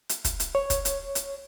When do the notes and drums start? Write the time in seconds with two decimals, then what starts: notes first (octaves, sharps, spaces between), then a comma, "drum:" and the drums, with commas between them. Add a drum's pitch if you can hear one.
0.09 drum: hi-hat
0.25 drum: kick, hi-hat
0.40 drum: hi-hat
0.55 C#5
0.70 drum: kick, hi-hat
0.85 drum: hi-hat
1.15 drum: hi-hat